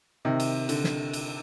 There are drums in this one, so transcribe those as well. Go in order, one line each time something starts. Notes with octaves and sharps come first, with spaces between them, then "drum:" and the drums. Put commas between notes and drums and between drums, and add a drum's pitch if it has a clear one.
C3 D#3
drum: cymbal
D3, drum: cymbal
drum: snare
drum: cymbal